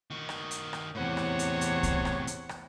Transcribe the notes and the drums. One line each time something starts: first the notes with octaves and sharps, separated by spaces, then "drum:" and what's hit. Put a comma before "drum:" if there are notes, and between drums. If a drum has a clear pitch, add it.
D#3 F#4
drum: rim click
drum: hi-hat
drum: rim click
E2 A2 C3 C5 C#5 F#5
drum: rim click
drum: hi-hat
drum: hi-hat
drum: kick C2, hi-hat
drum: rim click
drum: hi-hat
drum: rim click